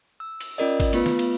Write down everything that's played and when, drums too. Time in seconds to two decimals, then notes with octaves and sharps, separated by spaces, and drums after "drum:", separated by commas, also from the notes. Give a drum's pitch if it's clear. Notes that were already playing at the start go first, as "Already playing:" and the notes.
0.20 E6
0.40 drum: cymbal
0.58 C#4 F4 A#4 D5 D#5
0.80 drum: kick, cymbal
0.93 A3 B3 F4 B4, drum: cymbal
1.06 drum: snare
1.19 drum: cymbal